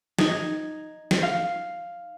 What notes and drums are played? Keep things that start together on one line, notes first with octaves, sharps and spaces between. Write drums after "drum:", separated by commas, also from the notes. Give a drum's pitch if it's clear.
D#4 G#6, drum: snare
drum: snare
F5